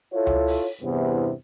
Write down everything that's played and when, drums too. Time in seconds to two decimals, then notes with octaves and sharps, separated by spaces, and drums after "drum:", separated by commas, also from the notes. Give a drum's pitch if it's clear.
0.13 E4 F4 A4 C#5
0.27 drum: tom C#2
0.47 drum: open hi-hat
0.82 E2 G2 C3 B3 C4 E4